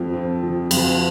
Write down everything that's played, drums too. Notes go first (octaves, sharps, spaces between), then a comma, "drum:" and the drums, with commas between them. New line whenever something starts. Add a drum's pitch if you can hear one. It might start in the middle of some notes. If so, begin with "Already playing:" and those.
Already playing: F2 F3 C4 F4
C4
F3
F2, drum: cymbal